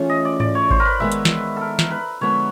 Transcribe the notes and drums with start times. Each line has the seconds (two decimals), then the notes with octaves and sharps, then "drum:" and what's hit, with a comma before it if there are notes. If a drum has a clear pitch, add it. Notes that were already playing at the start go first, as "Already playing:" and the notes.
Already playing: E3 A3 C#4 F4 G#4
0.09 D#5
0.25 D5
0.40 D5, drum: tom G#2
0.55 C#5
0.71 C5, drum: kick G#1
0.80 A#4
0.85 B4
1.00 D#3 G#3 B3 E5
1.12 drum: hi-hat
1.25 drum: snare
1.56 A4 A#4
1.79 drum: snare
1.91 B4
2.21 D3 F3 G#3 B3 C#5